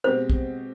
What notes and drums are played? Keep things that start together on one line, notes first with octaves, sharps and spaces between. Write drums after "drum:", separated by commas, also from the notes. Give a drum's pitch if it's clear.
B2 G#3 C4 G4 C5
drum: kick